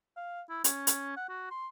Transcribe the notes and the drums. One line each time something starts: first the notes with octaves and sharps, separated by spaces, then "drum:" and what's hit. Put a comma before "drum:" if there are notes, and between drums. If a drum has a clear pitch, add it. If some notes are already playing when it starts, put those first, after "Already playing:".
F5
E4
C#4, drum: hi-hat
drum: hi-hat
F#5
F#4
C6